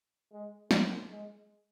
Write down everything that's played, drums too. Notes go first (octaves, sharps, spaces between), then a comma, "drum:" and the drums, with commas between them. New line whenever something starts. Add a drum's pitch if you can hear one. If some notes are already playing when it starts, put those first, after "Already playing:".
G#3
A#3, drum: snare
G#3